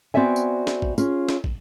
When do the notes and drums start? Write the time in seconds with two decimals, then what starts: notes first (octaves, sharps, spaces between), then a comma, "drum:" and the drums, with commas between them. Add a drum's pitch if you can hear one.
0.14 B3 C4 F#4 D5 E5 G#5
0.36 drum: tambourine
0.67 drum: snare
0.82 drum: kick
0.98 C#4 F4 G#4, drum: tambourine
1.29 drum: snare
1.44 drum: kick